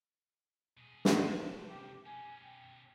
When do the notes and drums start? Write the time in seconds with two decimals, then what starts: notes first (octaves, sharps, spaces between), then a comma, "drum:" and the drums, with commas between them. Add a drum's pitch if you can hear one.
0.77 B2 G#4
1.05 drum: snare
1.29 C3 C5 A5
1.68 G4
2.06 B2 C#4 G#5
2.43 G5